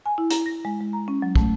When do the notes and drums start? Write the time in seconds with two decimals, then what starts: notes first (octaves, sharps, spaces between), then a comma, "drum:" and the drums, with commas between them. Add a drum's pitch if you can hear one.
0.06 G#5
0.18 E4
0.31 A#5, drum: hi-hat
0.46 A#6
0.65 G#3
0.81 G#3
0.93 A#5
1.08 C#4
1.22 F#3
1.36 A3, drum: kick